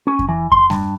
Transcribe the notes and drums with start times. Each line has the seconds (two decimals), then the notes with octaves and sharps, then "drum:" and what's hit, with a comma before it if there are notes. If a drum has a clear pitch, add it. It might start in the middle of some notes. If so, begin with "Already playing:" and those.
0.07 C#4
0.19 drum: kick F2
0.29 E3
0.52 C6, drum: kick F2
0.70 G2, drum: snare G3